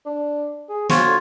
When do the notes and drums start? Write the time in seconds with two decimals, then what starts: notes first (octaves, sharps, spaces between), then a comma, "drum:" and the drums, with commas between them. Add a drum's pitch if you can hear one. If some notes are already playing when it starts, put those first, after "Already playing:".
0.06 D4
0.69 G#4
0.90 C4 F4 F#4 C#5, drum: snare
1.06 D3